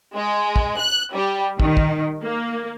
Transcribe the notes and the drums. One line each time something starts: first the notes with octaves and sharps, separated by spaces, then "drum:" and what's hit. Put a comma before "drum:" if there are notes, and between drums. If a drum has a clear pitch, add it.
G#3
drum: kick
F#6
G3
D#3, drum: kick
drum: kick
A#3